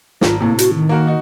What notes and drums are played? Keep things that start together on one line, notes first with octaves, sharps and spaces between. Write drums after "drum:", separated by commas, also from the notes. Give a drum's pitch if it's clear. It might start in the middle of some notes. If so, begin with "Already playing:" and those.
G#1 F4, drum: snare
A2 C3 A#3
F#4, drum: hi-hat
D#3
A#3 F#4 A#4
D#4 F#4